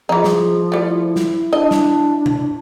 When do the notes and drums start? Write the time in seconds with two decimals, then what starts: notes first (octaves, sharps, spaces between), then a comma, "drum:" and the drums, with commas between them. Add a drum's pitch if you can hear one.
0.09 E3 F3 D#4 G#4
0.24 drum: snare
0.72 G3 A3 E4
1.16 drum: snare
1.53 D4 D#5
1.71 drum: snare
2.26 drum: tom B2